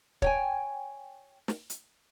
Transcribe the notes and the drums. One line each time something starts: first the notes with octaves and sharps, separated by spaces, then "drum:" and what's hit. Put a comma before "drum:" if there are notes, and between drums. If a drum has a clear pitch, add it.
C#5 G5 G#5, drum: kick
drum: snare
drum: hi-hat